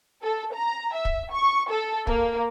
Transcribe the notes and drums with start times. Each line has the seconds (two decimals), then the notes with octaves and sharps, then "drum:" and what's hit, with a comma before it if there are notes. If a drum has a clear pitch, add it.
0.22 A4
0.53 A#5
0.94 E5
1.05 drum: kick
1.31 C#6
1.69 A4
2.07 A#3, drum: kick